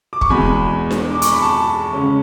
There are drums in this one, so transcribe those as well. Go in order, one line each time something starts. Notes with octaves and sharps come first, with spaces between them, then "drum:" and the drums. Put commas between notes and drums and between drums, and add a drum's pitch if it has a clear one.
D6
C#6, drum: kick
E2 B2 G#3 G#5 B5
drum: snare D4
D6
C#6, drum: hi-hat
B5
A5 C#6
C#3 G#3 C#4